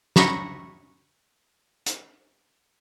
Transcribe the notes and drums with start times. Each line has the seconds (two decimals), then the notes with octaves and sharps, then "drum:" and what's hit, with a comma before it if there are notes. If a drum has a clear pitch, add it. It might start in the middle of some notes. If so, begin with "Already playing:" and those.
0.16 A#5 B5 C#6 A#6, drum: snare
1.86 drum: hi-hat